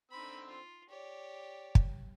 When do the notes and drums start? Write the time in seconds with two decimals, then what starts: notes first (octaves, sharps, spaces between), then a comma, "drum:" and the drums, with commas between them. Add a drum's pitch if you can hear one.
0.11 D3 C4 D#4 B5 E6
0.48 F4
0.89 G4 C#5 D5
1.75 drum: kick